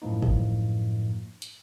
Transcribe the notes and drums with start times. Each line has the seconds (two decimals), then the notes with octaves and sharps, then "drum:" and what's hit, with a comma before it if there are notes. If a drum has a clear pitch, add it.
0.02 F#2 A2 F3 A#3 D#4
0.22 drum: kick
1.42 drum: hi-hat